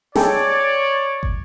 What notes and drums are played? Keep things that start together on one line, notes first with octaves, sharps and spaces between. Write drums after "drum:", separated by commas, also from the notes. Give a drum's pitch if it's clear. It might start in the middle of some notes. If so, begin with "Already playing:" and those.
G#4 A4 C#5 D5 G5, drum: snare
drum: kick